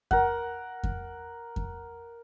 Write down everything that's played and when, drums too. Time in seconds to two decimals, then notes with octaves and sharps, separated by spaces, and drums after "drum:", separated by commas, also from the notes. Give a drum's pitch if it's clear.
0.11 A#4 F#5, drum: kick F2
0.83 drum: kick F2
1.56 drum: kick F2